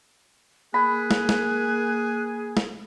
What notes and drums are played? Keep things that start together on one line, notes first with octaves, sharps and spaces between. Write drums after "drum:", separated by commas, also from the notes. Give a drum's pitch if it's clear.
A#3 G#4 B5 F#6
drum: snare
drum: snare
drum: snare